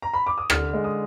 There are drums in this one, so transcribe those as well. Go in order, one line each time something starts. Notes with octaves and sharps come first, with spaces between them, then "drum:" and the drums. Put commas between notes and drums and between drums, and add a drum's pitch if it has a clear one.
A#5
B5
D6
D#6
D3 F6, drum: rim click
G#3
D#6